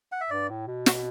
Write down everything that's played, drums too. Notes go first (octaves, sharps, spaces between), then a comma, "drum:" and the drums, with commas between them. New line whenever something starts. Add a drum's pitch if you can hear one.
F#5
E5
G2 D5
A2
B2
F#4, drum: snare